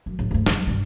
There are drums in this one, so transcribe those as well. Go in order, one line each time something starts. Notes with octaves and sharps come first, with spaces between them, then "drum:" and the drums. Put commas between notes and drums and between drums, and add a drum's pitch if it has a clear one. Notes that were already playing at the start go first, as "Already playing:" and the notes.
F#2
A1 F#2
D2 G2
F#2 D#3, drum: snare
G2 D3